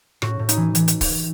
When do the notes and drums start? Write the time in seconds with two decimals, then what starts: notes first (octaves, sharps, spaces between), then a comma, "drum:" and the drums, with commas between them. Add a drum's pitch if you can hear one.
0.22 A2 F#4, drum: rim click
0.39 A2
0.49 D#4, drum: hi-hat
0.57 E3
0.75 E3, drum: hi-hat
0.88 drum: hi-hat
1.01 drum: kick, open hi-hat